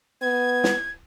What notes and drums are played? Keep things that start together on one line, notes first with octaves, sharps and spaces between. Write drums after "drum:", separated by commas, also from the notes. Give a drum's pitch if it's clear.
B3 G#6
drum: snare